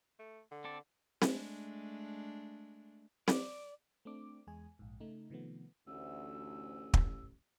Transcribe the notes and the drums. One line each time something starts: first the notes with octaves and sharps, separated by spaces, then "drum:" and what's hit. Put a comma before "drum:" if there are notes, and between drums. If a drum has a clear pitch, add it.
A3
D3
C4 A4 D5
G#3 A3 D4, drum: snare C4
D5, drum: snare C4
A3 C4 D4 D6
E2 G#3 G#4 G#5
A#1 G#2
C#3 A3 D#4
C3 D#3 F3 A3 B3
A1 D2 E6
drum: kick